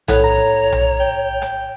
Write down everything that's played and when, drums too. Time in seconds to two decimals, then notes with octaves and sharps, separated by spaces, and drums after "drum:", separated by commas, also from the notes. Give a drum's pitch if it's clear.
0.08 A2 B3 C#5, drum: tom B1
0.24 A#5
0.72 drum: tom B1
1.00 G5
1.42 drum: rim click